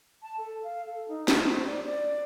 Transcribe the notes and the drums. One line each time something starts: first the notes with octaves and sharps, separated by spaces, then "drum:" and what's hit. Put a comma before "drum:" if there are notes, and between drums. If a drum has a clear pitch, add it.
A5
A4
F5
A4
D#4
C#4, drum: snare
C5
D5
D5